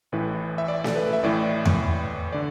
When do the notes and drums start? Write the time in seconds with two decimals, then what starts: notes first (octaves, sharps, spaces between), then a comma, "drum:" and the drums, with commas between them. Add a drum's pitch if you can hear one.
0.12 A1 A2 E3 B4
0.58 E5
0.68 D5
0.84 A4, drum: snare
0.96 B4
1.13 E5
1.23 A1 A2 E3 D5
1.65 drum: tom E2
2.33 D3 D5